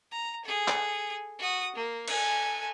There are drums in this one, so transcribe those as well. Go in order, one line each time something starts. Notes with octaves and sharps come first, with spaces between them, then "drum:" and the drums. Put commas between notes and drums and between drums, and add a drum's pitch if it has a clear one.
A#5
G#4 A4
drum: clap
F#4 D#6
A#3
A4 G#5, drum: cymbal